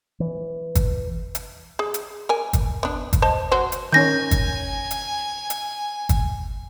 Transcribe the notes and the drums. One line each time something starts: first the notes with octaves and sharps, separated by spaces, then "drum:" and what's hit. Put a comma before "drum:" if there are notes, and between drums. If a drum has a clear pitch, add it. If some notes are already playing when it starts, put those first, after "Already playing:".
E3
drum: kick, hi-hat
drum: hi-hat
G#4
drum: hi-hat
A#4 G#5
drum: kick, hi-hat
B3 D4
drum: kick, hi-hat
C5 D#5 A5
F#3 F#4 C5
drum: hi-hat
D#3 C#4 G#5 G6 A#6
drum: kick, hi-hat
drum: hi-hat
drum: hi-hat
drum: kick, hi-hat